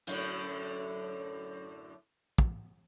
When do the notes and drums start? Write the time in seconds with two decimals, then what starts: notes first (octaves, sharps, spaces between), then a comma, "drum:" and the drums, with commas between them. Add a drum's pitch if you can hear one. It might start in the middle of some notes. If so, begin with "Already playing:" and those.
0.07 F#2 A2 D3, drum: hi-hat
2.38 drum: kick